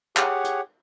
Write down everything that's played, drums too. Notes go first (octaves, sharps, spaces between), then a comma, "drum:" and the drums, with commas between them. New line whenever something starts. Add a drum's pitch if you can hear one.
G4 G#4 C#5 F#5, drum: clap
drum: hi-hat